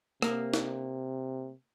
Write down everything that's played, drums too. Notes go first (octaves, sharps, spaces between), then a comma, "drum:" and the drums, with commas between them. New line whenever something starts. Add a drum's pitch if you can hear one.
C3 A#3, drum: rim click
drum: snare